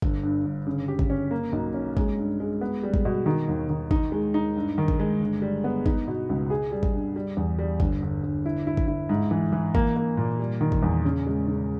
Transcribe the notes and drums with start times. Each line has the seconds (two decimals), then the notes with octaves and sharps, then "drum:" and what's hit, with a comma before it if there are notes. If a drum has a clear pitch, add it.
0.02 G1, drum: kick
0.23 G2
0.45 G1
0.67 C#3
0.88 G4
0.99 drum: kick
1.10 C#4
1.31 A#3
1.52 B1
1.74 C#4
1.97 G#3, drum: kick
2.18 G2
2.40 G#3
2.61 B3
2.83 G3
2.94 drum: kick
3.05 B2
3.26 D#3
3.48 D#2
3.69 D#3
3.91 D#4, drum: kick
4.12 G#3
4.34 D#4
4.56 G2
4.78 D#3
4.88 drum: kick
5.00 G#3
5.20 G1
5.42 G3
5.64 B3
5.86 D#4, drum: kick
6.07 B2
6.29 C#2
6.50 G#4
6.72 G3
6.83 drum: kick
6.93 G2
7.16 G3
7.37 E2
7.59 G3
7.80 G1, drum: kick
8.02 G1
8.23 G1
8.46 E4
8.67 E4
8.77 drum: kick
8.88 E4
9.09 G#2
9.31 E3
9.53 E3
9.75 A#3, drum: kick
9.96 A#3
10.17 A#2
10.39 G3
10.61 D#3
10.72 drum: kick
10.82 E2
11.05 C#3
11.27 G#3
11.47 C#3